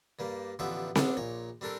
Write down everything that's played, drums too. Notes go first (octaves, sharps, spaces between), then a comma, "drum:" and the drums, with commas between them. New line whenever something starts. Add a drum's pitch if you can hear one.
G2 G3 A#3
A1 D3 F3 B3 G4 E5
B3 D4 A4 C5 D5, drum: snare C4
A#1 A#2 C#5
G3 C4 D4 A4 A#4